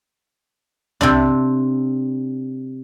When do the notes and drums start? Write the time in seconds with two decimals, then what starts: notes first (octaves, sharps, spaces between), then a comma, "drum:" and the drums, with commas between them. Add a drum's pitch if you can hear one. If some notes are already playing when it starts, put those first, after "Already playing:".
1.01 C3 C4 D4, drum: tom C2